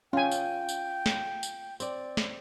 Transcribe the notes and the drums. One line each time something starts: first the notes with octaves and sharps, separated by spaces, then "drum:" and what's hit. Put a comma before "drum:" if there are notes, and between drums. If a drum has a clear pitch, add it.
C#4 F4 G5 G#5
drum: tambourine
drum: tambourine
drum: snare
drum: tambourine
C4 D5, drum: tambourine
drum: snare